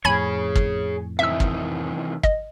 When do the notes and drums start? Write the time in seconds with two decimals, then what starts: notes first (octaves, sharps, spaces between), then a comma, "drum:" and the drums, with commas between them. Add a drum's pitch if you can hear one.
0.05 F2 A2 C4 G#4 C#5 G#5 B5 G#6
0.55 drum: kick
1.19 C3 D#3 E3 E5 E6
1.40 drum: kick
2.23 D#5, drum: kick